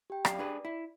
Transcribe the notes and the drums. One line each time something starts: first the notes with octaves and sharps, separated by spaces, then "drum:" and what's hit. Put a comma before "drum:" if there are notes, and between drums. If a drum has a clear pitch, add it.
G4 G5
F#2 D5 F5, drum: rim click
D4 G#4 B4
E4